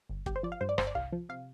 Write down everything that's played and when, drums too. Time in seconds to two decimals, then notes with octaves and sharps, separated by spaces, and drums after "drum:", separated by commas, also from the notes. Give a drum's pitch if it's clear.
0.09 G1
0.26 G1 G4, drum: kick
0.36 C5
0.43 F3 D5
0.52 F5
0.61 G2 C5
0.69 D5
0.78 G1 C5, drum: rim click
0.87 D5
0.95 C2 F5
1.13 F3
1.29 C3 F5